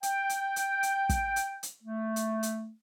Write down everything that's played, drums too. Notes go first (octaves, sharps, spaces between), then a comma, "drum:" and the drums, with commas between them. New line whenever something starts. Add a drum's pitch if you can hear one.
G5, drum: hi-hat
drum: hi-hat
drum: hi-hat
drum: hi-hat
drum: kick, hi-hat
drum: hi-hat
drum: hi-hat
A3
drum: hi-hat
drum: hi-hat